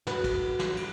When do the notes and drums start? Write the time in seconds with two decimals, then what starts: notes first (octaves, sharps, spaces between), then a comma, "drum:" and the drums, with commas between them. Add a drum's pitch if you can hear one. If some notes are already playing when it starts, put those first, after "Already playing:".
0.07 F#4 B4, drum: snare
0.24 drum: kick, cymbal
0.59 drum: snare
0.77 drum: cymbal